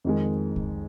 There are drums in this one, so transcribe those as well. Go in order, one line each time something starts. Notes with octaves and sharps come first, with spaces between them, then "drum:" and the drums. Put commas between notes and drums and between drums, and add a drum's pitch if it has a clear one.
F2 D#3 G#3
drum: kick C2